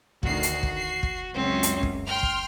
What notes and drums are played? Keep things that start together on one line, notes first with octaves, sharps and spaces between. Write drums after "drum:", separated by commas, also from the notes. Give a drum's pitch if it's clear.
D2 D#3 F#4 C7, drum: kick
drum: hi-hat
drum: kick
C7
drum: kick
C#2 F#2 C4 C#4
drum: hi-hat
drum: kick
G5 C6 F6
drum: kick